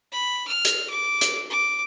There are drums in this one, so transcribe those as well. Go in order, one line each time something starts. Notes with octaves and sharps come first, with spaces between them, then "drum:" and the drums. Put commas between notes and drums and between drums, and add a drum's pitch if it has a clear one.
B5
F6
drum: hi-hat
D6
drum: hi-hat
D6